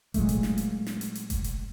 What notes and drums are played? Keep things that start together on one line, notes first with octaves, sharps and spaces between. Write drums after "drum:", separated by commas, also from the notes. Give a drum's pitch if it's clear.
A#2 F#3 G#3 A3, drum: kick F1, hi-hat
drum: hi-hat
drum: snare
drum: hi-hat
drum: snare
drum: hi-hat
drum: hi-hat
drum: kick F1, hi-hat
drum: hi-hat